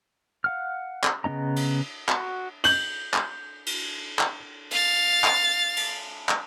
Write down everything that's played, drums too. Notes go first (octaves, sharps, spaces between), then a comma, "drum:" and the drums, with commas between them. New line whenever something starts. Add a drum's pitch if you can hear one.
F5 F#5 F6
drum: clap
C#3 B3 C#4 D#5 A#5
drum: cymbal
F#4, drum: clap
G6 F#7, drum: cymbal
drum: clap
drum: cymbal
drum: clap
F5 A6, drum: cymbal
drum: clap
drum: cymbal
drum: clap